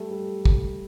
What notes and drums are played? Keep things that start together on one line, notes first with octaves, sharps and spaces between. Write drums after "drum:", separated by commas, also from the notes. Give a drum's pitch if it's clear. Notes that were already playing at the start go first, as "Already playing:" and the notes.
Already playing: G3 A3
G3
drum: kick